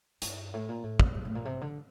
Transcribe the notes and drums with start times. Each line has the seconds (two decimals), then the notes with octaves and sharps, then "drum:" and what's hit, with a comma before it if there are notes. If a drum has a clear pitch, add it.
0.22 G2, drum: hi-hat
0.54 A2
0.69 A#2
0.83 A2
1.00 F2, drum: kick
1.15 G2
1.25 A2
1.35 A#2
1.45 C3
1.61 D3